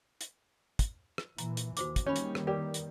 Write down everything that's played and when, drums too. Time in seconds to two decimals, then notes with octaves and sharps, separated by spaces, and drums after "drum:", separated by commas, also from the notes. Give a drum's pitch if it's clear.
0.21 drum: hi-hat
0.79 drum: kick, hi-hat
1.18 drum: rim click
1.38 A#2 E3 A#5, drum: hi-hat
1.57 drum: hi-hat
1.77 D#2 F#4 C5 D6, drum: hi-hat
1.96 drum: kick, hi-hat
2.07 D#3 G3 A#3 C#4 C#5 B5
2.16 drum: hi-hat
2.35 drum: rim click
2.47 G4 A#4 B4 D5
2.74 drum: hi-hat